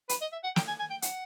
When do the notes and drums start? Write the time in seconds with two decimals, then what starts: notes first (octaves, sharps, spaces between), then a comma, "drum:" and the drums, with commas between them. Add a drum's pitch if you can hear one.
0.09 B4, drum: hi-hat
0.21 D#5
0.32 E5
0.44 F#5
0.56 G5, drum: snare
0.68 G#5
0.80 G#5
0.91 G5
1.02 F#5, drum: hi-hat